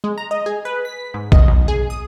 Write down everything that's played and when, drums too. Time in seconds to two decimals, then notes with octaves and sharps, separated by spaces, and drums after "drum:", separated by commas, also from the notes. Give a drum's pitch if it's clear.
0.04 G#3
0.18 A#5
0.31 D#5
0.46 G#4
0.65 B4
0.85 B6
1.14 G#2
1.32 D#5, drum: kick B1
1.48 B1
1.68 G#4
1.90 D#6